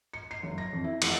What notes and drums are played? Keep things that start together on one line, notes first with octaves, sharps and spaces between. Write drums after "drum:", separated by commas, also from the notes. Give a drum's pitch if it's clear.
C#7
C7
F#1
A#6
F2
E4
F1, drum: cymbal